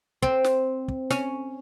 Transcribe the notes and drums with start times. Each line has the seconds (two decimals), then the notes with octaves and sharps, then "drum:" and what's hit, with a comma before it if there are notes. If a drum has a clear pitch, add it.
0.22 C4, drum: kick
0.44 drum: snare
0.88 drum: kick
1.10 C#4, drum: snare